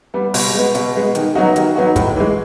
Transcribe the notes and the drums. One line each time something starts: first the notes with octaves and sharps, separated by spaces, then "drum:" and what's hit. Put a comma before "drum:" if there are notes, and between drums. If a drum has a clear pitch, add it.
G3 B3
B2, drum: open hi-hat
G#3 B3
B2, drum: hi-hat
G#3 B3
D#3, drum: hi-hat
F#3 B3 D#4 F#4
D#3, drum: hi-hat
F#3 B3 D#4 F#4
A2, drum: kick, hi-hat
E3 G#3